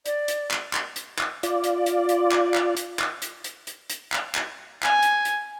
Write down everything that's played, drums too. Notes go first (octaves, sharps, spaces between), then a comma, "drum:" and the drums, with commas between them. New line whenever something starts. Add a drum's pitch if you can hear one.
D5, drum: hi-hat
drum: hi-hat
drum: clap
drum: clap
drum: hi-hat
drum: clap
F4 D5, drum: hi-hat
drum: hi-hat
drum: hi-hat
drum: hi-hat
drum: clap
drum: clap
drum: hi-hat
drum: clap
drum: hi-hat
drum: hi-hat
drum: hi-hat
drum: hi-hat
drum: clap
drum: clap
G#5, drum: clap
drum: hi-hat
drum: hi-hat